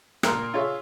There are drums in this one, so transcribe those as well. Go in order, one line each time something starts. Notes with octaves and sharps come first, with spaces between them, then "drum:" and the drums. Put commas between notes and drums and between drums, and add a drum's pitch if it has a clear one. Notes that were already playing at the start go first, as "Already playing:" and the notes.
A#2 A#4 G5, drum: rim click
F4 G#4 C#5 E5